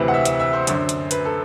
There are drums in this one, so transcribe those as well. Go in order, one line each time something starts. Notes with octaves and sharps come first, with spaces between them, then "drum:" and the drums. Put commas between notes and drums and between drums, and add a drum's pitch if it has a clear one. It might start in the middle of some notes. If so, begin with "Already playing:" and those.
Already playing: D2 C3 E3 B4
F#5
E5
E5, drum: hi-hat
E5
C5
F#2 D3, drum: hi-hat
drum: hi-hat
B4, drum: hi-hat
A4